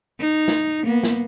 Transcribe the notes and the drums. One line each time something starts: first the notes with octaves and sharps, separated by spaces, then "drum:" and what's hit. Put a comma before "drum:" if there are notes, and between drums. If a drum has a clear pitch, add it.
D#4
drum: snare
A#3 B3
drum: snare